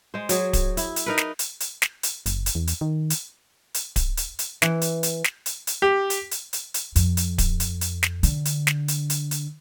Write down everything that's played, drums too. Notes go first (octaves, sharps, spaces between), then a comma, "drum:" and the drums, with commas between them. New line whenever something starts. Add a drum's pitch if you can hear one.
G#3 C5
F#3 G#4, drum: hi-hat
drum: kick D1, hi-hat
E4, drum: hi-hat
drum: hi-hat
D#4 A#4 B4
drum: snare
drum: hi-hat
drum: hi-hat
drum: snare
drum: hi-hat
F#1, drum: hi-hat
drum: hi-hat
E2
drum: hi-hat
D#3
drum: hi-hat
drum: hi-hat
drum: kick D1, hi-hat
drum: hi-hat
drum: hi-hat
E3, drum: snare
drum: hi-hat
drum: hi-hat
drum: snare
drum: hi-hat
drum: hi-hat
G4
drum: hi-hat
drum: hi-hat
drum: hi-hat
drum: hi-hat
F2, drum: hi-hat
drum: hi-hat
drum: kick D1, hi-hat
drum: hi-hat
drum: hi-hat
drum: snare
D3, drum: hi-hat
drum: hi-hat
drum: snare
drum: hi-hat
drum: hi-hat
drum: hi-hat